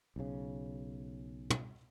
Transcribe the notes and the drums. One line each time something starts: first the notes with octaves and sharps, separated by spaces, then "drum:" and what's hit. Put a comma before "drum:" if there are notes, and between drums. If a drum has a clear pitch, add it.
B1 C#3
drum: tom